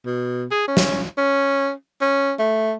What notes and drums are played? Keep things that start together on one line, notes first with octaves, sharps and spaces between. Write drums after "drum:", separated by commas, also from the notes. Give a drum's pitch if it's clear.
B2
G#4
C#4
drum: snare
C#4
C#4
A3